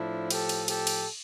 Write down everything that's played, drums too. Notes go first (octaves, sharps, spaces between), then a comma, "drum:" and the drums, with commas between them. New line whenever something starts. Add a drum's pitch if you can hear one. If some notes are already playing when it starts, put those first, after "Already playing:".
Already playing: A2 F3 D4 E4
G4 A4, drum: cymbal
drum: cymbal
G4 A4, drum: cymbal
drum: cymbal